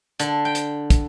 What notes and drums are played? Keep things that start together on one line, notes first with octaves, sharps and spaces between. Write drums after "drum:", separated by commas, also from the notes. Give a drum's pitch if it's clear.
D3, drum: hi-hat
G5
drum: hi-hat
drum: kick, hi-hat